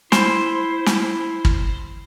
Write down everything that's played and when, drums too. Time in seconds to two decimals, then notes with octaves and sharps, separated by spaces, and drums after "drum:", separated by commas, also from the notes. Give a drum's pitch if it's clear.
0.12 E4 C5, drum: snare
0.86 drum: snare
1.45 drum: kick